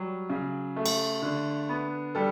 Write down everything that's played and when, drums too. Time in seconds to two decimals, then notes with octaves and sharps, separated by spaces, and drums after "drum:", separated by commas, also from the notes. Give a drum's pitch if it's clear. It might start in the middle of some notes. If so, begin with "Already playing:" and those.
Already playing: F#3 G3
0.30 C#3
0.76 A3
0.86 drum: cymbal
1.22 D3
1.69 B3
2.15 G3 A4